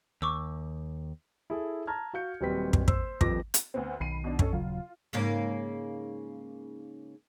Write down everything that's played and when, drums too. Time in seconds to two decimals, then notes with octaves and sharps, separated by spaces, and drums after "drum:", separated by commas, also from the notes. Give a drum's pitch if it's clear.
0.22 D#2 C#6 D6 E6
1.50 E4 G#4 A4
1.87 A5 A#5 F6 G#6
2.14 F#4 F5 G6 C#7
2.41 D#1 F#3 G3 C4 B4 B6
2.73 drum: kick
2.88 C5 E6, drum: kick
3.21 D#1 F2 F3 B4 D6 A#6, drum: kick
3.54 drum: hi-hat
3.74 D2 B3 C4
4.00 B1 D#3 B5 C7 D#7
4.24 B2 D4
4.39 C#4 A4, drum: kick
4.53 D#1 C#3 F#3 F4
5.13 G#2 C#3 A#3